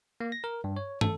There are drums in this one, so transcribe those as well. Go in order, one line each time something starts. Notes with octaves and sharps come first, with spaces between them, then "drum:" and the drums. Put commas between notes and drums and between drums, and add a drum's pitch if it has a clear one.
A#3
A#6
A#4
G2
C#5
A4, drum: tom